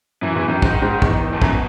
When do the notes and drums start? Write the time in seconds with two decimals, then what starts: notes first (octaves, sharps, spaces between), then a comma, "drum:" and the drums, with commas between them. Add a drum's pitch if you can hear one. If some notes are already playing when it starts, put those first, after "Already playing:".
0.22 F#2 E3
0.35 E2 E3
0.48 F#2 D#3
0.62 G#2 D#3, drum: kick
0.82 G#2
1.02 E2, drum: kick
1.32 A2
1.42 F#2 B2, drum: kick